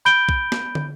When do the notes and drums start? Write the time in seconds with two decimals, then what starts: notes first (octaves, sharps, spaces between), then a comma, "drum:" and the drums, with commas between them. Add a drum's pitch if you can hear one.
0.05 B5 G6 D7 G7
0.29 drum: kick B1
0.52 drum: snare
0.75 drum: tom